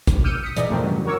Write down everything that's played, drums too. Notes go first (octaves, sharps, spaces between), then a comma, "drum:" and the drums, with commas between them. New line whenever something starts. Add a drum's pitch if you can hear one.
drum: kick, hi-hat
D6 E6 F6 G6 C#7 D#7
D#6 B6 C#7
G#2 B2 E3 D5 D#5, drum: hi-hat
F2 A3 A#3 C4
G2 C#3 E3 F#3
F#4 A#4 C#5 C#6 D6 E6